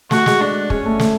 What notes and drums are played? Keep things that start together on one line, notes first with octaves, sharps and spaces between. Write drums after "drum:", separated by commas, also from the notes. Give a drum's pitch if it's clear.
A3 F#4, drum: snare
G#3, drum: snare
D4
G#3 C#4, drum: kick
A3
A3, drum: snare